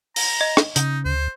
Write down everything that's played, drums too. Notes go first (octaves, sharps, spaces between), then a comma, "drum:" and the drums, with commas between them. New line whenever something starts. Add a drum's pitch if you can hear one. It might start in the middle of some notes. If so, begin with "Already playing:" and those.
A#5, drum: open hi-hat
D#5
drum: rim click
C#3 D#4, drum: hi-hat
D2 C5